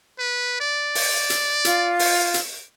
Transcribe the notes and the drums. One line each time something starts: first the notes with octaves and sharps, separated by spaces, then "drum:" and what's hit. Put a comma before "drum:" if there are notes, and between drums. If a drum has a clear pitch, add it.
B4
D5
drum: open hi-hat
drum: hi-hat
F4, drum: hi-hat
drum: open hi-hat
drum: hi-hat